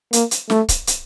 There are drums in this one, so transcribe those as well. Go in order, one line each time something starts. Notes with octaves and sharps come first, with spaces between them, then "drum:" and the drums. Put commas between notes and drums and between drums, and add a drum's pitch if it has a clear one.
A#3, drum: hi-hat
drum: hi-hat
A3, drum: snare
drum: kick C#1, hi-hat
drum: hi-hat